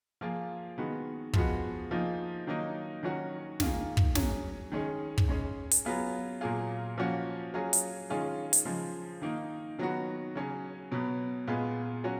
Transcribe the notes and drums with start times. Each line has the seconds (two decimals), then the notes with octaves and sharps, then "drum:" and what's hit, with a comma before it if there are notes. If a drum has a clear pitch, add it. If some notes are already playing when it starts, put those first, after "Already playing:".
0.21 F3 A#3 F4 G#4
0.78 D#3 G#3 B3 F#4
1.33 F3 G#3 B3 F#4, drum: kick
1.91 F3 A#3 D#4 G#4
2.47 D#3 F#3 A#3 D#4
3.03 D#3 F#3 C#4 F#4
3.60 D#3 A#3 F4 G#4, drum: snare
3.97 drum: kick
4.15 F#3 C#4 G#4, drum: snare
4.72 D#3 G#3 C#4 G#4
5.18 drum: kick
5.28 C#3 G#3 C#4 G#4
5.71 drum: hi-hat
5.85 F#3 B3 F4 G#4
6.41 A#2 F#3 A#3 F4 G#4
6.98 F3 A#3 C#4 F#4
7.54 F#3 C#4 F4 G#4
7.73 drum: hi-hat
8.10 D#3 G#3 C#4 F4 G#4
8.53 drum: hi-hat
8.65 C#3 F3 G#3
9.22 D#3 A#3 D#4
9.79 D#3 F#3 B3 F#4
10.35 C#3 F#3 C#4 G#4
10.92 B2 F#3 B3
11.47 A#2 G#3 B3 F4 G#4
12.04 F#3 C#4 F#4